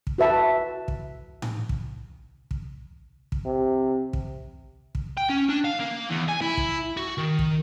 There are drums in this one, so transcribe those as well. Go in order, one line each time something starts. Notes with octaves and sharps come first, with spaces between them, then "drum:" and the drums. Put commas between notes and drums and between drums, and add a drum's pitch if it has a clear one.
drum: kick
F#4 B4 E5 A5
drum: kick
drum: tom A2
drum: kick
drum: kick
drum: kick
C3
drum: kick
drum: kick
G5
C#4
D4
F5
A#3
E2
G#5
E4
drum: kick
F#4
D#3
drum: kick